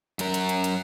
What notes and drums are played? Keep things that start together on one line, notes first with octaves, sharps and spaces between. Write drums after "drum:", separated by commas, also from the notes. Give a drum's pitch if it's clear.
F#2 A#4, drum: hi-hat
drum: hi-hat
drum: hi-hat
drum: hi-hat